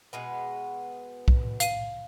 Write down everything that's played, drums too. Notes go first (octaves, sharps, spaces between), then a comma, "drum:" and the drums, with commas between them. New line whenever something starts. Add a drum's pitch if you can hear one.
B2 G#3 B3
drum: kick B1
F5 D#7, drum: hi-hat